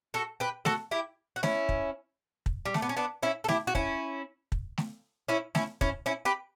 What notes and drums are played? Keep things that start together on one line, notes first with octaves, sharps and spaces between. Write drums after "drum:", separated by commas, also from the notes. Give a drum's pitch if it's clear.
F#4 A4
G4 B4
F#4 A4, drum: snare A3
E4 G4
F#4
C#4 E4, drum: snare A3
drum: kick
drum: kick
G3
A3, drum: snare A3
B3
C#4
B3 D4
C#4 E4
A4
E4 G4, drum: snare A3
F#4
C#4 E4, drum: kick
drum: kick
drum: snare A3
C#4 E4
C#4 E4, drum: snare A3
C#4 E4, drum: kick
C#4 E4
G4 B4